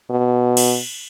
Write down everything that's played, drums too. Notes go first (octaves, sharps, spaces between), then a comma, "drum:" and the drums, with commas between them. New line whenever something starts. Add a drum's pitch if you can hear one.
B2
drum: cymbal